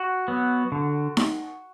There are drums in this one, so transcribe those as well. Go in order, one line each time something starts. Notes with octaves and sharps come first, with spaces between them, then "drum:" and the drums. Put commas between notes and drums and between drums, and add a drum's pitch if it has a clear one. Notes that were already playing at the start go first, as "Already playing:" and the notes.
Already playing: F#4
F#3 B3
D3
drum: snare D#4